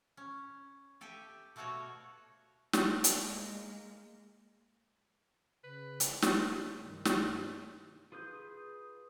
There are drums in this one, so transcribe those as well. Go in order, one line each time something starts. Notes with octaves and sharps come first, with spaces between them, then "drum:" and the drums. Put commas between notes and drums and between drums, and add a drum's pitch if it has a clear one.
C#4
G4 A4 E5 G5 G#5
B2 A3 A#3 F#4 A4 C#5
drum: snare
G#3 A#3, drum: hi-hat
C#3 B4
drum: hi-hat
drum: snare
G2 C3 D#3 G3
drum: snare
F4 G#4 B4 D#6 G6